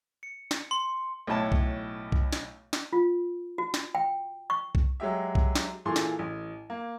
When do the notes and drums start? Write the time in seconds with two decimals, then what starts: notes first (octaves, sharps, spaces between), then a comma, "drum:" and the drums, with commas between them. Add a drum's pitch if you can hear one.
0.23 C#7
0.51 drum: snare
0.71 C6
1.27 B1 A2 E4 C#5 A5
1.52 drum: kick B1
2.12 drum: kick B1
2.33 drum: snare
2.73 drum: snare
2.93 F4
3.58 F#4
3.74 drum: snare
3.95 G5
4.50 C#6
4.75 drum: kick B1
5.00 F#3 G#3 G4 E5
5.35 drum: kick B1
5.55 drum: snare
5.86 A#2 E3 G#4 A4 C6
5.96 drum: snare
6.19 A1
6.70 A#3